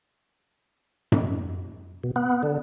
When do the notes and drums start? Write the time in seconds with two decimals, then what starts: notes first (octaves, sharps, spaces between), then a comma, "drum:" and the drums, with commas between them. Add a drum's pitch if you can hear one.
1.12 drum: tom F#2
2.04 B2
2.16 B3
2.43 D3